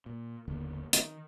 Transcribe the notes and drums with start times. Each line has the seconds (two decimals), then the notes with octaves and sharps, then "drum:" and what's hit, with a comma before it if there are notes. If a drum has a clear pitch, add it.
0.06 A#2
0.48 F#1 D#2 D3 B3
0.93 D#3, drum: hi-hat